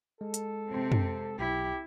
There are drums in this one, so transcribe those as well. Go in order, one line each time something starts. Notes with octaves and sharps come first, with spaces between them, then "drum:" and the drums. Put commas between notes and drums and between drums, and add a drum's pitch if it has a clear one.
G#3 A4
drum: hi-hat
C3 C4
drum: tom
B1 E4 G4